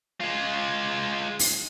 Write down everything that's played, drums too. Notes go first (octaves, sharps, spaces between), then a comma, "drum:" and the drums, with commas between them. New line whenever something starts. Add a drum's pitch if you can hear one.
G#3 F4
drum: open hi-hat